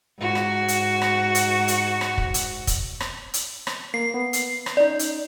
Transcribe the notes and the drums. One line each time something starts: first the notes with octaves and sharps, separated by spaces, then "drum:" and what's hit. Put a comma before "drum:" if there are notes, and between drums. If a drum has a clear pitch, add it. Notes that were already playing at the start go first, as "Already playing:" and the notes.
G#2 F#4
drum: rim click
drum: hi-hat
drum: rim click
drum: hi-hat
drum: hi-hat
drum: rim click
drum: kick
drum: hi-hat
drum: kick, hi-hat
drum: rim click
drum: hi-hat
drum: rim click
A#3 C7
B3
drum: hi-hat
drum: rim click
C#4 D#4 D5
drum: hi-hat